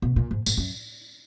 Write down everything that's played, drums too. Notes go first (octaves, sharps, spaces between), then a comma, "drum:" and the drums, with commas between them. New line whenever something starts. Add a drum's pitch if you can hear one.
B2
A#2
G#2
G#2, drum: tambourine
F#2